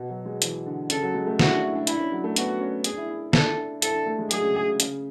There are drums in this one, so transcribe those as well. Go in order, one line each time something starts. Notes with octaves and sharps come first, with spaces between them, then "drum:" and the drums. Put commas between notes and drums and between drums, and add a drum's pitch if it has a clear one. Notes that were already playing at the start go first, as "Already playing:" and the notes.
Already playing: B2
F#3
G#3
E3, drum: hi-hat
D3
C#3 A4, drum: hi-hat
F#3
G#3
A3
E4 F#4, drum: snare
D4
E4
D4
D4 E4, drum: hi-hat
C#4
F#3
A3
B3 F#4, drum: hi-hat
C#4
D4 G#4, drum: hi-hat
E4
E4
E4 A4, drum: snare
D4
E4 A4, drum: hi-hat
D4
A3
G#3
F#3 G#4, drum: hi-hat
C#3
C#3
C#3, drum: hi-hat